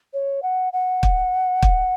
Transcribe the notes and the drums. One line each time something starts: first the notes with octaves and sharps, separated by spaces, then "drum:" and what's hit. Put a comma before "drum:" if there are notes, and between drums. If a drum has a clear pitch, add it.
C#5
F#5
F#5
drum: kick
drum: kick